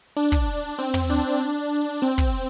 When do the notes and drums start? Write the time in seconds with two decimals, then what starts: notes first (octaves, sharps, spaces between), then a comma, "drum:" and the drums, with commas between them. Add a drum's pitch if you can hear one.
0.17 D4
0.32 drum: kick
0.78 C4
0.94 drum: tom
1.10 D4
2.02 C4
2.18 drum: kick